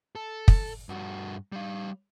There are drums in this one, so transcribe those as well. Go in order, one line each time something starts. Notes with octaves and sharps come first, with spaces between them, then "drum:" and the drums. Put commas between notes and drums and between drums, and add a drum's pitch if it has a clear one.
A4
drum: kick
G2 F#4
G3 F5